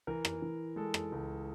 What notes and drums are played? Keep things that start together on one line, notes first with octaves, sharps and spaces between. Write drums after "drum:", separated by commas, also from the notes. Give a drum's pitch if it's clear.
E3 A#4
drum: rim click
E3
G#3 A4
drum: rim click
C#2